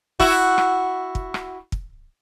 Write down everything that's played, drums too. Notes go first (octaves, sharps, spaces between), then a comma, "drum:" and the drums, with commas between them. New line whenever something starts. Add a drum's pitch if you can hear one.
E4 F#4, drum: kick
drum: rim click
drum: kick
drum: rim click
drum: kick